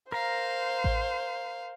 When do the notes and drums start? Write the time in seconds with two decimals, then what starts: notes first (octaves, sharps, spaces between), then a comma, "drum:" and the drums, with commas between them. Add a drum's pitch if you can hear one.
0.12 A#4 C5 F5 A#5
0.84 drum: kick A1